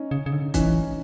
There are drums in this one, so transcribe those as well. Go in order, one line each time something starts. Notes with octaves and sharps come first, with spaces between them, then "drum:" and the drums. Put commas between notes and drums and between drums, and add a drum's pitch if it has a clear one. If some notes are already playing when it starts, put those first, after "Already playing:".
Already playing: C#4 D#4
C#3
C#3
D3
E3 C#4 D#4, drum: kick, hi-hat